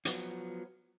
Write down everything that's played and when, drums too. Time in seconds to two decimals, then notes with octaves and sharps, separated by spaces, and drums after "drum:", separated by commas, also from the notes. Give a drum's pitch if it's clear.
0.05 F3 F#3 B3, drum: hi-hat